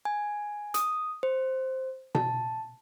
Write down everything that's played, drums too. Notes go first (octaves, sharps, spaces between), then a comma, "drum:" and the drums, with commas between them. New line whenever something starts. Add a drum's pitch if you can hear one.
G#5
D#6, drum: hi-hat
C5
A5, drum: tom B2